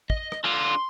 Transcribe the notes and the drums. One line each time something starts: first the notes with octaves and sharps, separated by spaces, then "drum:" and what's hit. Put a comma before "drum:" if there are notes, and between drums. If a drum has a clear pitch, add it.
D#5, drum: kick
drum: rim click
D3 F4 C6